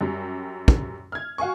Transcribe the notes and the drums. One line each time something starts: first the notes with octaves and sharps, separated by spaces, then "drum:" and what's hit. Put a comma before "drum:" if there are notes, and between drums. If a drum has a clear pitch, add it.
F#2 G3
drum: kick
F6 G#6
F#4 F5 G#5 C#6